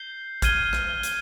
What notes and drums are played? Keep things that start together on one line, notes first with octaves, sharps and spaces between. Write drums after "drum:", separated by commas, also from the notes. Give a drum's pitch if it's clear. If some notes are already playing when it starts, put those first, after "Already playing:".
Already playing: G6 C7 G7
F6 G#6 D#7 G7, drum: kick A#1, hi-hat
drum: rim click
drum: hi-hat